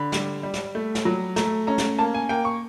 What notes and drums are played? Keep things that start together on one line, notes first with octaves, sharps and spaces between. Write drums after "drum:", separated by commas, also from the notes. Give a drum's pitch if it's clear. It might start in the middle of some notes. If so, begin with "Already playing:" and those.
Already playing: D3 B5
G3, drum: snare
G3
drum: snare
A3
drum: snare
F#3
A3 A#5, drum: snare
C#4 A#5
drum: snare
A#3 A5
G#5
A#3 G5
C#6